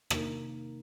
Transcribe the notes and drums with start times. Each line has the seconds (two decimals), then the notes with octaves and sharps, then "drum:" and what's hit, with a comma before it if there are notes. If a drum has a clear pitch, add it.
0.10 C3 D#3 A#3 D#4 A#4, drum: rim click